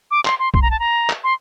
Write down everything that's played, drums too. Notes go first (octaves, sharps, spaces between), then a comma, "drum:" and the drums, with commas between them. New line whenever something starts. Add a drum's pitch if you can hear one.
D6
C6, drum: clap
C6
C6, drum: kick B1
A#5
A5
A#5
drum: clap
C6